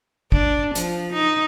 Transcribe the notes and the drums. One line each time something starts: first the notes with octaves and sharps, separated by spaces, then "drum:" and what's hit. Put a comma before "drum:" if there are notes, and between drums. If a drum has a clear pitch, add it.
D4, drum: kick
F3, drum: hi-hat
D#4